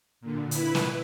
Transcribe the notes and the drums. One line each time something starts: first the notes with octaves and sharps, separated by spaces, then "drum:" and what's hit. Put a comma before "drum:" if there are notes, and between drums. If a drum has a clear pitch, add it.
A#2 D3
E4 B4, drum: hi-hat
drum: snare